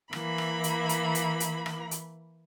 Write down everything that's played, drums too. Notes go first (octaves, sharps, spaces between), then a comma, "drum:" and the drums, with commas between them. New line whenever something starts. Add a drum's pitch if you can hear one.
E3 A#3 B5, drum: rim click
drum: rim click
drum: hi-hat
drum: hi-hat
drum: hi-hat
drum: hi-hat
drum: rim click
drum: hi-hat